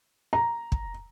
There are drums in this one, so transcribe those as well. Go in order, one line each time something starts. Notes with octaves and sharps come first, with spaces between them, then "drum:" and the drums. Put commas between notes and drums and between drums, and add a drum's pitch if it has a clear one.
A#5
drum: kick